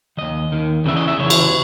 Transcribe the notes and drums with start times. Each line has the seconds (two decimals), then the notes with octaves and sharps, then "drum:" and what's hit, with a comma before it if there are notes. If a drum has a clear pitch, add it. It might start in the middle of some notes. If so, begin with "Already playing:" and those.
0.17 D#2 D#3 D#5
0.52 D#2 D#3
0.85 E2 C#3 E3 E5
0.97 D#5
1.08 E5
1.19 E2 C#3 E3 C#5
1.30 drum: cymbal